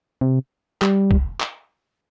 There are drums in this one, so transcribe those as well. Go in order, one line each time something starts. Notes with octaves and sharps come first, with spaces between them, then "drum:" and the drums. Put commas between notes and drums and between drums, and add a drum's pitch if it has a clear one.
C3
G3, drum: clap
drum: kick
drum: clap